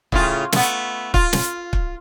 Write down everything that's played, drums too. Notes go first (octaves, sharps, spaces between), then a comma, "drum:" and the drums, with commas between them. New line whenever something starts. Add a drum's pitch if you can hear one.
A2 C#3 F4, drum: kick
A3 B3, drum: snare
F4, drum: kick
drum: snare
drum: kick